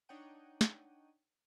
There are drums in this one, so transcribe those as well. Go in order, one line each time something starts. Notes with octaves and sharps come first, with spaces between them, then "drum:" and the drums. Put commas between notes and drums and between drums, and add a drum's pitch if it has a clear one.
D4 D#4 C#5 F#5 G5 D#7
drum: snare